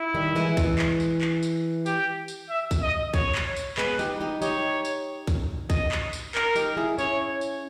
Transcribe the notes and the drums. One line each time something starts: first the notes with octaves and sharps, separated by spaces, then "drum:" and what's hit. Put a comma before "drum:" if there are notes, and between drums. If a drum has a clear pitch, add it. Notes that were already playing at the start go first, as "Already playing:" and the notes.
Already playing: E4
D#3 G3
E3 G#3
drum: kick B1, tambourine
drum: clap
drum: tambourine
drum: clap
drum: tambourine
G4, drum: tambourine
drum: tambourine
E5
drum: kick B1, tambourine
D#5
C#5, drum: kick B1, tambourine
drum: clap
drum: tambourine
G#3 B3 B4, drum: clap
D#4 G4, drum: tambourine
D#4 G4
D#4 G4 C#5, drum: tambourine
drum: tambourine
drum: kick B1, tambourine
D#5, drum: kick B1, tambourine
drum: clap
drum: tambourine
A#4, drum: clap
D#4 G4, drum: tambourine
E4 G#4
C#4 E4 C#5, drum: tambourine
drum: tambourine